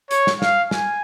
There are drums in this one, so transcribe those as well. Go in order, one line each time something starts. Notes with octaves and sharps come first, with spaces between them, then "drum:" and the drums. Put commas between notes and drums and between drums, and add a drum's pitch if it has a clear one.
C#5, drum: hi-hat
drum: snare
F5, drum: snare
G#5, drum: snare